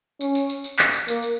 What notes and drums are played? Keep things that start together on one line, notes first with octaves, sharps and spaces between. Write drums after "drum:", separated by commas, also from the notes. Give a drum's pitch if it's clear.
C#4, drum: tambourine
drum: tambourine
drum: tambourine
drum: tambourine
drum: clap
drum: tambourine
A#3, drum: tambourine
drum: tambourine